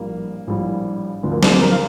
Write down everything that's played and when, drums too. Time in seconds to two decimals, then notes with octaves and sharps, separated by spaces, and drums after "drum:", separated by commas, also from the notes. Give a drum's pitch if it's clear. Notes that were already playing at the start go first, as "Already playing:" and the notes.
Already playing: A#1 A2 G3 A#3
0.47 A#1 A2 G3
1.23 D2 D3 F3
1.32 A#3
1.43 C4, drum: snare
1.61 A#4
1.71 F5